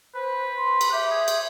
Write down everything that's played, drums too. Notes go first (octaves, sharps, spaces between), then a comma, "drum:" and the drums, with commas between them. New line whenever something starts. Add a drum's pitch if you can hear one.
B4 C5
C6
drum: cymbal
G4 E5
G#4
drum: cymbal